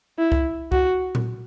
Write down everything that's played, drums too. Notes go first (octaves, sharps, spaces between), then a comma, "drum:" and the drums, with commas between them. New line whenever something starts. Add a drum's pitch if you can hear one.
E4
drum: kick C2
F#4, drum: kick C2
drum: tom A#2